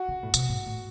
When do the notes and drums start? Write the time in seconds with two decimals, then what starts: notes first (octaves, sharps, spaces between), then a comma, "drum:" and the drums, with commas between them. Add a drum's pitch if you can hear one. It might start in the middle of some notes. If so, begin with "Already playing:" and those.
Already playing: F#4
0.08 C#3
0.23 A2
0.34 C3, drum: hi-hat
0.49 G#2
0.67 A2